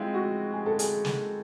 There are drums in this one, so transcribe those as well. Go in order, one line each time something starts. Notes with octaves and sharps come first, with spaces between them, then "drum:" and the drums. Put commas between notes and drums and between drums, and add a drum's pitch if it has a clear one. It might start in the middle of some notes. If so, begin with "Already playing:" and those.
Already playing: G#3 C4 E4 F4
F#4
G#4
A4
G#4, drum: hi-hat
drum: snare